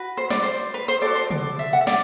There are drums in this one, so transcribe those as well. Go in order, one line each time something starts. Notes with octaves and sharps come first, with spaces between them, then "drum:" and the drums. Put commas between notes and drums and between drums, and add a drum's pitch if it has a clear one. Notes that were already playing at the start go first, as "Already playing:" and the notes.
Already playing: F#4 B4
C5
D5, drum: snare
C5
B4
C5
F#4 A4 D5
C5
D5, drum: tom
E5
F#5
E5
D5, drum: snare